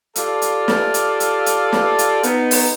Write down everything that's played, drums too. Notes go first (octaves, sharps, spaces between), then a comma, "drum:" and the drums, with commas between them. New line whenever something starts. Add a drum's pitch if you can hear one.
F4 G4 A4 D5 F5 A5, drum: hi-hat
drum: hi-hat
drum: snare
drum: hi-hat
drum: hi-hat
drum: hi-hat
drum: snare
drum: hi-hat
B3 D#4, drum: hi-hat
drum: open hi-hat